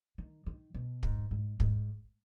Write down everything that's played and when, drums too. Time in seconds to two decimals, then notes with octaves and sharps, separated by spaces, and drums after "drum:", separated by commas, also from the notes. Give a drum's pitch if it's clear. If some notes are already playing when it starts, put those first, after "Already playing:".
0.18 D#3
0.46 D#3
0.74 B2
1.03 G#2, drum: kick
1.31 G#2
1.60 G#2, drum: kick